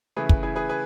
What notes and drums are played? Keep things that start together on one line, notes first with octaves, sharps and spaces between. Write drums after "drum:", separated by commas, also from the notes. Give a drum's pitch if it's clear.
C#3 E3 A3 G#4 B4
drum: kick
E4 G#4
G#4 B4
G#4 B4